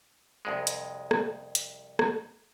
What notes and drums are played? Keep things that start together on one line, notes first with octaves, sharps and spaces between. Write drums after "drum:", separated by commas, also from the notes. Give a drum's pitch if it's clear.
C2 F2 G#3
drum: hi-hat
drum: rim click
drum: hi-hat
drum: rim click